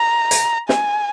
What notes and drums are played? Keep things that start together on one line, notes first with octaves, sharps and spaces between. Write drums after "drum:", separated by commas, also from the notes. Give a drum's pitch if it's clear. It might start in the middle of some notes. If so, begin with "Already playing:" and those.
Already playing: A#5
drum: hi-hat
G#5, drum: snare